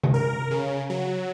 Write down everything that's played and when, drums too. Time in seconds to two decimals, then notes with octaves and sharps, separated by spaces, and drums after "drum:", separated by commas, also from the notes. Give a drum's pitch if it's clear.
0.04 drum: tom C3
0.14 A#4
0.51 C#3
0.90 F#3